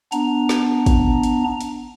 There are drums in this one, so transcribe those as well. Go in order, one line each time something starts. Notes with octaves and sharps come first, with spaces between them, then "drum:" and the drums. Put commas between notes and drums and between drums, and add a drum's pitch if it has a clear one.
B3 D4 A#5, drum: hi-hat
drum: snare
drum: kick, hi-hat
drum: hi-hat
drum: hi-hat